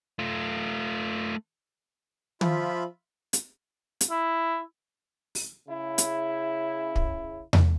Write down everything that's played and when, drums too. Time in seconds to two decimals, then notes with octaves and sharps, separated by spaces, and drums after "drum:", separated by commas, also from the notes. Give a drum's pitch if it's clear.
0.19 A3 F4
2.41 F3 F4 E5 B5, drum: tom
3.33 drum: hi-hat
4.01 drum: hi-hat
4.10 E4
5.35 drum: open hi-hat
5.67 C#3 E4
5.98 drum: hi-hat
6.96 drum: kick
7.53 drum: tom E2